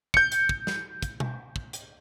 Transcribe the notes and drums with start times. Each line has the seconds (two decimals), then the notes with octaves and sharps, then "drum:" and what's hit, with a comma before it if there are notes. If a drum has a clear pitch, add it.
0.14 G6 C#7, drum: kick
0.32 drum: hi-hat
0.49 drum: kick
0.67 drum: snare
1.03 drum: kick, hi-hat
1.20 drum: tom B2
1.56 drum: kick
1.73 drum: hi-hat